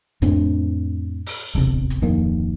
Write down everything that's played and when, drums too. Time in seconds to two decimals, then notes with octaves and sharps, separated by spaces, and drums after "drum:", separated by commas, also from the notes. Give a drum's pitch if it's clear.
0.22 F2 A2 C4 D4, drum: hi-hat
1.26 drum: open hi-hat
1.55 D1 G1 E2 C3
1.90 drum: hi-hat
2.02 D1 F2 D#3 A#3